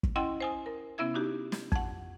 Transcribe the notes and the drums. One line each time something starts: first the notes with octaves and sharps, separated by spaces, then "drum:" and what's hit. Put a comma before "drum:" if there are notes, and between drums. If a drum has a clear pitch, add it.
drum: kick
C#4 E4 D#5 F#5 G5 C6
C5 G#5 D#6
A#4
C3 B3 C#4 E4 E5 G#6
D4 D#4 F#4 G4
drum: snare
F2 F#5, drum: kick